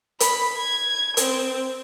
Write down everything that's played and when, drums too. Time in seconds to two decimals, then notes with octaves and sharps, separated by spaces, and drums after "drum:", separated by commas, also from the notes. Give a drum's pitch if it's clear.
0.20 B5, drum: hi-hat
0.58 G#6
1.17 C4, drum: hi-hat